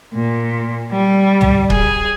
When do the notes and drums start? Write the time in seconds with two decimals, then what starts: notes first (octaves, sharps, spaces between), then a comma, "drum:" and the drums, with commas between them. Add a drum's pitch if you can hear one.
0.12 A#2
0.90 G3
1.41 drum: tom
1.70 G#4, drum: kick C#1